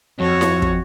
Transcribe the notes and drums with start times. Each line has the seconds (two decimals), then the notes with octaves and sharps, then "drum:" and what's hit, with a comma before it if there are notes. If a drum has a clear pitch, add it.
0.20 F2 F#4 C#5
0.41 drum: snare E4
0.62 drum: kick